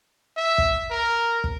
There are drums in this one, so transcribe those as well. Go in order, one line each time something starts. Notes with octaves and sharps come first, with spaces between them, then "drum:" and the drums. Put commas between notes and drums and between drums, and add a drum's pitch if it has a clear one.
E5
drum: kick
A#4
drum: kick